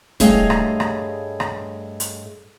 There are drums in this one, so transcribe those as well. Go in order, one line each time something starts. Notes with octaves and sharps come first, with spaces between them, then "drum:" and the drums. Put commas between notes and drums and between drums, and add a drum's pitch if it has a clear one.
G2 A3 G#4 C#5 D#5 F5, drum: kick, hi-hat
drum: rim click
drum: rim click
drum: rim click
drum: hi-hat